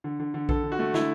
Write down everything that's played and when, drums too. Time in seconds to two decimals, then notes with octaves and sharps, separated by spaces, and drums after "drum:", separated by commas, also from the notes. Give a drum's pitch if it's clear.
0.04 D3
0.19 D3
0.34 D3
0.49 D3 A4, drum: kick A#1
0.63 D3
0.72 F#4
0.79 A3
0.94 D3 E4, drum: snare